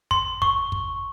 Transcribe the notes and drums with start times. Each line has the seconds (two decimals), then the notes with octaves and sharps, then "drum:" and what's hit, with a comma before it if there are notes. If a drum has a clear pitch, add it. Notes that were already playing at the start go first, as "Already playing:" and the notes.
0.11 C6, drum: kick
0.42 C#6, drum: kick
0.72 drum: kick